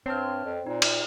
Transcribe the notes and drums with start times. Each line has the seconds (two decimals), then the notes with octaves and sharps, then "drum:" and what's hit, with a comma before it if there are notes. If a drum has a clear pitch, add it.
0.06 G2 C4 C#5 A5 F6
0.45 F2
0.66 A#2 D#4
0.82 drum: cymbal